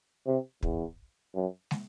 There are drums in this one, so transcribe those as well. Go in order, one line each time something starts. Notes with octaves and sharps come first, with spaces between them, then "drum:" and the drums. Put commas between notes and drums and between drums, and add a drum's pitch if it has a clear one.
C3
E2, drum: kick
F#2
drum: snare